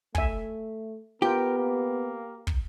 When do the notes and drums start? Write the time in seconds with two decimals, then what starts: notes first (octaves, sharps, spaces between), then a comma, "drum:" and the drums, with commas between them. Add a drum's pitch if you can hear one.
0.15 A3 E5 G#5, drum: kick
1.22 B3 F4 G4 A#4 G5
1.58 A#3
2.47 drum: kick